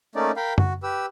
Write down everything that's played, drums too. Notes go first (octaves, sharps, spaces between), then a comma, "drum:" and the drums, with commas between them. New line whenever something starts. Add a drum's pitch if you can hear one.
A3 A#3 C#4 D#4 D5
A#4 F5 G5 B5
F#4, drum: tom F#2
G4 B4 E6